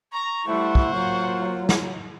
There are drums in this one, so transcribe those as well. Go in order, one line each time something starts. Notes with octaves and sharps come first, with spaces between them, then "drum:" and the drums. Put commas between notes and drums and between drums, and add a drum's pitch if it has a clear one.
A#5 C#6
G3 A3 E4 C5 F#5
drum: kick
F#3 A#3 F4
drum: snare